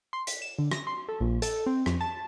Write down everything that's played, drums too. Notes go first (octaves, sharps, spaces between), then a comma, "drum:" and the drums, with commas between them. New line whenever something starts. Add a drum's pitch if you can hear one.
C6
B6, drum: hi-hat
E7
D3
A#6, drum: rim click
C6
A4
A#1
A4, drum: hi-hat
C4
F2, drum: rim click
A5